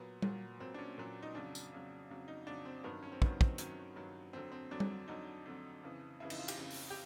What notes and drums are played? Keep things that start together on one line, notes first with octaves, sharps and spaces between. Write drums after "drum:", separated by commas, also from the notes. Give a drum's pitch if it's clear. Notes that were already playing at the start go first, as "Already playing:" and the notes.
Already playing: A#2 F#3 B3
A#2 F#3, drum: tom G3
A#2 F#3 C4
D4
C#4
A#2 F#3
D#4
F2 C#3 F#3 D4
drum: tambourine
F2 C#3 F#3
F2 C#3 F#3
D#4
F2 C#3 F#3 D4
C4
G2 D#3 F#3 B3
C#4
C4
G2 D#3 F#3 B3, drum: kick
C4, drum: kick
G2 D#3 F#3 C#4, drum: hi-hat
G2 D#3 F#3
F2 D3 F#3 C4
C4
F2 D3 F#3 D4
drum: tom G3
F2 D3 F#3 D#4
F2 D3 F#3
F2 C#3 E3
F2 C#3 E3 E4
D#4, drum: cymbal
F4
G4, drum: cymbal
F2 C#3 E3
drum: open hi-hat
G4